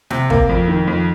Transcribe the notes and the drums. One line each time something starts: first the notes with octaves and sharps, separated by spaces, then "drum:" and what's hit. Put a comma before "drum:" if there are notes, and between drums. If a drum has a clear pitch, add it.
C3, drum: snare
A#3, drum: kick
F2
D#3
F2